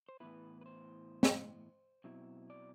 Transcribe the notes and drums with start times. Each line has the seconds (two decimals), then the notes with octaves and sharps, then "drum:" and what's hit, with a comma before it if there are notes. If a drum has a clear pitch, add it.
0.09 C5
0.20 A2 E3 B3 E4 B4
0.61 B4
0.66 C5
1.23 drum: snare
2.04 B2 F#3 C4 E4
2.50 D5